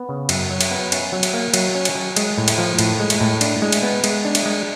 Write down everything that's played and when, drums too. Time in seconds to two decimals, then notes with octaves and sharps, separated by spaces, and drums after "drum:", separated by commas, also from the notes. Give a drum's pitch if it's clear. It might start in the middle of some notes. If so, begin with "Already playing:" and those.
Already playing: B3
0.09 C#3
0.29 F#2, drum: cymbal
0.50 F#3
0.61 drum: cymbal
0.71 B3
0.92 C#4, drum: cymbal
1.12 F#3
1.23 drum: cymbal
1.33 A#3
1.54 F#3, drum: cymbal
1.75 C#4
1.85 drum: cymbal
1.95 F#3
2.16 G#3, drum: cymbal
2.38 A2
2.48 drum: cymbal
2.58 F3
2.79 A2, drum: cymbal
3.00 G#3
3.10 drum: cymbal
3.21 A2
3.41 D4, drum: cymbal
3.62 G#3
3.72 drum: cymbal
3.83 B3
4.04 G#3, drum: cymbal
4.25 D4
4.35 drum: cymbal
4.46 G#3